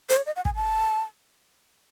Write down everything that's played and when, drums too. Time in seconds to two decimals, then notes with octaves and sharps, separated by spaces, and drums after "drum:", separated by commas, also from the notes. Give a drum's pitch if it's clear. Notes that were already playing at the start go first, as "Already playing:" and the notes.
0.10 C5, drum: hi-hat
0.17 C#5
0.26 D#5
0.36 F#5
0.45 G#5, drum: kick
0.55 A5